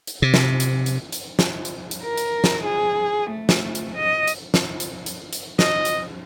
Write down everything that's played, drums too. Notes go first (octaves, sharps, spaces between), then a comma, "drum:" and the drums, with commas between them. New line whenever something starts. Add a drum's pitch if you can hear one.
drum: hi-hat
C3
drum: snare
drum: hi-hat
drum: hi-hat
drum: hi-hat
drum: snare
drum: hi-hat
drum: hi-hat
A#4
drum: hi-hat
drum: snare
G#4
A3
drum: snare
drum: hi-hat
D#5
drum: hi-hat
drum: snare
drum: hi-hat
drum: hi-hat
drum: hi-hat
D#5, drum: snare
drum: hi-hat